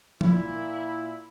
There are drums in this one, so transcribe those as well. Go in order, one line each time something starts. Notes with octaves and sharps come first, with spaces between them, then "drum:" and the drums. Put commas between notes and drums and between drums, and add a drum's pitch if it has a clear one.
A#2 E4, drum: tom F3